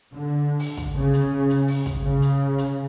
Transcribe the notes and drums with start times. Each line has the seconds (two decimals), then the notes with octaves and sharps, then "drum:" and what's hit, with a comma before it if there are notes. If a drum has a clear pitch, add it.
0.14 D3
0.59 drum: open hi-hat
0.77 drum: kick, hi-hat
0.96 C#3
1.14 drum: hi-hat
1.50 drum: hi-hat
1.68 drum: open hi-hat
1.86 drum: kick, hi-hat
2.04 C#3
2.22 drum: hi-hat
2.58 drum: hi-hat